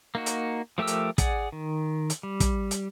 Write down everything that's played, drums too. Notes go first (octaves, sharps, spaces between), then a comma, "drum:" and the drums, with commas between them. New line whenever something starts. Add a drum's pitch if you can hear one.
A#3 D#4 F#4
drum: hi-hat
F3 A3 G4 A#4 E6
drum: hi-hat
G#4 D5 F#5, drum: kick, hi-hat
D#3
drum: hi-hat
G3
drum: kick, hi-hat
drum: hi-hat